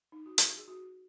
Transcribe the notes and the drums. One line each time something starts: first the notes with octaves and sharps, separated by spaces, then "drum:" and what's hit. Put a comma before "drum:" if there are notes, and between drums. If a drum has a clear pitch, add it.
D#4
F#4
G#4, drum: hi-hat
G#4
F#4